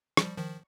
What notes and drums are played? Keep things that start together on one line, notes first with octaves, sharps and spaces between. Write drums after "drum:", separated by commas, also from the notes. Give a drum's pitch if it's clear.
F3 G3, drum: rim click
D#3 F3